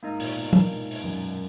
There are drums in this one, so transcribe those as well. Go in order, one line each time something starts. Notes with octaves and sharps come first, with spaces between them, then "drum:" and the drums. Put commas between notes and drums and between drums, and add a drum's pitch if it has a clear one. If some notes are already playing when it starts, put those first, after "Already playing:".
G#2 A#3 D#4 A#4 D#5
A#2, drum: open hi-hat
B2
A#2, drum: tom
G#2
drum: open hi-hat
F#2